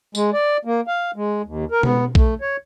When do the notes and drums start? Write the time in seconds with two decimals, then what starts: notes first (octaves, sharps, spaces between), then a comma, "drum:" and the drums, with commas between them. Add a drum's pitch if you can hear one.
0.15 G#3, drum: tambourine
0.33 D5
0.65 A#3
0.87 F5
1.16 G#3
1.45 D#2
1.71 A#4
1.83 B3, drum: tom B2
2.15 A3, drum: kick A#1
2.41 C#5